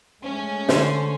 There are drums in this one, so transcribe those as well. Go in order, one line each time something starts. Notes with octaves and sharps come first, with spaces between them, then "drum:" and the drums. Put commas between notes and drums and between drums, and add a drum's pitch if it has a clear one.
G#3 A3 C#4
D3 C5 C#5, drum: snare